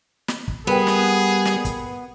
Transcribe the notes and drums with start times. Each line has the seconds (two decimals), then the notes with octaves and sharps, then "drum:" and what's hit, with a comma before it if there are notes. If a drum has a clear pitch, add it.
0.28 drum: snare
0.48 drum: kick
0.67 G3 B3 G#4 A#4 B4 G5
0.87 drum: snare
1.45 drum: snare
1.65 drum: kick, hi-hat